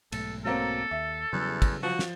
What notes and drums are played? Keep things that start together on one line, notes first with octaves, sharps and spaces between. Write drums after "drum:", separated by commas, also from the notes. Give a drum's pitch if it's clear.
B1 G#2 A3 A4, drum: cymbal
F#3 A#3 C4 A4
D#2 E5
E2 C#3 F#3 G3
drum: kick, cymbal
F3 F#4
drum: snare